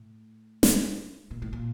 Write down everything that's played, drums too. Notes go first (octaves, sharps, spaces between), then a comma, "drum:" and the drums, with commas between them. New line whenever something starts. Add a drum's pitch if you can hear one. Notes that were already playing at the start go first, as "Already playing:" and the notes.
Already playing: A2
drum: snare
A#2
A2
A#2